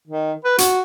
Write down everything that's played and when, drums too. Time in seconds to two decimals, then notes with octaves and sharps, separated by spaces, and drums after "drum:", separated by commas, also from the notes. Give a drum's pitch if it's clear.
0.08 D#3
0.44 B4
0.58 F#4, drum: hi-hat